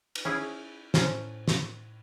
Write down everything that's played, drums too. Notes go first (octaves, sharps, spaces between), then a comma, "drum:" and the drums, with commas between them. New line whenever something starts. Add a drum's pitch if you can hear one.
drum: cymbal
C#4 E4 G#4
A2 C#4 C5 A#5, drum: snare
drum: snare